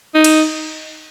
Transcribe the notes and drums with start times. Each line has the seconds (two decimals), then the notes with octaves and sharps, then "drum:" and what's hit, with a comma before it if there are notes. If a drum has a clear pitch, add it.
0.15 D#4
0.24 drum: cymbal